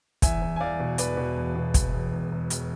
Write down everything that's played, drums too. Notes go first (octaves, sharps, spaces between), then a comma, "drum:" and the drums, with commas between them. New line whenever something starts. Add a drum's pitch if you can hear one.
E2 E5 G#5, drum: kick, hi-hat
E2
G#5
E2 D5 F5
B2
E1 B4 D5, drum: hi-hat
B2
E1
B2
E1, drum: kick, hi-hat
E1
E1
E1
E1, drum: hi-hat